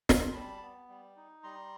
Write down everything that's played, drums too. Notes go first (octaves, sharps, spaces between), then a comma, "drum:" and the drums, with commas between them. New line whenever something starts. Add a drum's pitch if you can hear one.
drum: snare
C6
G3 A5 B5
B3
G3
D#4
G3 A#5 C6